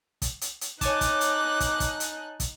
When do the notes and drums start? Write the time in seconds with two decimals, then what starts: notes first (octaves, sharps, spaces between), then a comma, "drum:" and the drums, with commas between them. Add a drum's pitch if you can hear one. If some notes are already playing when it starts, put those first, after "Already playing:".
0.22 drum: kick, hi-hat
0.41 drum: hi-hat
0.61 drum: hi-hat
0.81 D#4 C#5 G#5 A5 D6 F#6, drum: kick, hi-hat
1.01 drum: kick, hi-hat
1.21 drum: hi-hat
1.60 drum: kick, hi-hat
1.80 drum: kick, hi-hat
2.00 drum: hi-hat
2.40 drum: kick, hi-hat